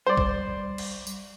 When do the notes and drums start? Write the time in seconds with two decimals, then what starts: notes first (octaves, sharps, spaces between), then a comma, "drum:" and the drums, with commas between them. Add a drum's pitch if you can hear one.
0.07 G3 C5 D5
0.17 drum: kick
0.78 drum: cymbal
1.07 drum: tambourine